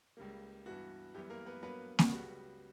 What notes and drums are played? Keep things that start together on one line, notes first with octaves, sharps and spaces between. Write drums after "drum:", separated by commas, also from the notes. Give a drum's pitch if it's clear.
C#2 C#3 G3 A#3
G2 E3 B3 F#4
F#2 E3 G3 B3 G4
A#3 A#4
B3 B4
G2 F#3 A#3 B3 B4
drum: snare A#3
C#2 C#3 G3 B3 F#4